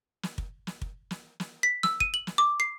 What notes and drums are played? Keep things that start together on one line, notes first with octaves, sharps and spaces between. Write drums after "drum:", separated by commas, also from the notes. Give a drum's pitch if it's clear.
drum: snare
drum: kick
drum: snare
drum: kick
drum: snare
drum: snare
B6
E6, drum: snare
D#7, drum: kick
F#7
drum: snare
D6
C7